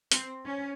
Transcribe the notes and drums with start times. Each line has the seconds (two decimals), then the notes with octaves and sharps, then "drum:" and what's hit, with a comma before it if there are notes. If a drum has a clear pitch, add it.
0.12 C4, drum: hi-hat
0.44 C#4